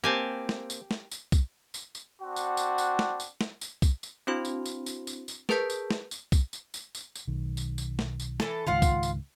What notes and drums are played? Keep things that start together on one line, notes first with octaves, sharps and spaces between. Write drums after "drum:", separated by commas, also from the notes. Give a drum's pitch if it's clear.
A#3 C4 G4 G#5 A5
drum: snare
drum: tambourine
drum: snare
drum: tambourine
drum: kick, tambourine
drum: tambourine
drum: tambourine
C4 D4 F#4 F#5
drum: tambourine
drum: tambourine
drum: tambourine
drum: snare
drum: tambourine
drum: snare
drum: tambourine
drum: kick, tambourine
drum: tambourine
C4 D4 E4 F#4 C5 C6
drum: tambourine
drum: tambourine
drum: tambourine
drum: tambourine
drum: tambourine
G#4 A#4 B4 A5 G6 B6, drum: snare
drum: tambourine
drum: snare
drum: tambourine
drum: kick, tambourine
drum: tambourine
drum: tambourine
drum: tambourine
drum: tambourine
B1 D#3
drum: tambourine
drum: tambourine
drum: snare
drum: tambourine
E3 A4, drum: snare
C#2 G#2 D#3 F4 F5 F#5
drum: kick, tambourine
drum: tambourine